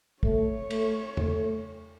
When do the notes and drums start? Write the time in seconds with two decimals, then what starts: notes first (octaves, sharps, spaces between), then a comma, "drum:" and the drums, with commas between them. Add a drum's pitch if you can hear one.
0.23 A3 C#5, drum: kick
0.70 A3, drum: cymbal
1.17 A3, drum: tom E2